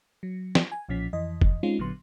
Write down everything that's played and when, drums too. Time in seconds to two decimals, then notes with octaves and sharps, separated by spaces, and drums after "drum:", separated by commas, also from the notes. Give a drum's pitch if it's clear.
0.23 F#3
0.55 drum: snare
0.72 G#5
0.89 B1 A#2 F3 C#4 B6
1.13 F2 E3 D#5
1.41 drum: kick
1.63 G#3 C4 C#4 D#4 F4
1.79 A1 A#2 D3 F#3 B3 C6